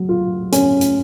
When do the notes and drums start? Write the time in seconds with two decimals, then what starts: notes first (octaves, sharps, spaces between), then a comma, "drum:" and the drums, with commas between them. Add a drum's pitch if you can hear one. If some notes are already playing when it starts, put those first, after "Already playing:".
Already playing: F#3
0.09 F4
0.52 C#4, drum: hi-hat
0.81 drum: hi-hat